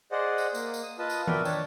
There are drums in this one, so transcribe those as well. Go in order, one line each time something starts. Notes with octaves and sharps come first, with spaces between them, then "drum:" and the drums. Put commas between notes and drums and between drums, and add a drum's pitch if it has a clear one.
G#4 C5 D5 D#5 F#5
drum: tambourine
A#3, drum: tambourine
drum: tambourine
D#6
F4 B4 D#5 A5 D#6
drum: tambourine
F#4 A#4 B4 D5 E5 G5, drum: tom D#3
D4 C#5 A5, drum: tambourine